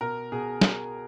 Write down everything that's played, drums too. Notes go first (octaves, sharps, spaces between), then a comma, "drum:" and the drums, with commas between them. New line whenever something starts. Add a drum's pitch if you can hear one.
B2 A#4
B2 G#4
drum: snare